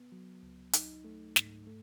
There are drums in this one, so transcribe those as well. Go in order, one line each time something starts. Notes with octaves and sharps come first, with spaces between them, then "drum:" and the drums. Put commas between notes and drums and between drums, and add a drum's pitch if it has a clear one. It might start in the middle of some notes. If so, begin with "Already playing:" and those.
Already playing: B3
F#3
C#2
D#4, drum: hi-hat
A3
G#2, drum: snare
A3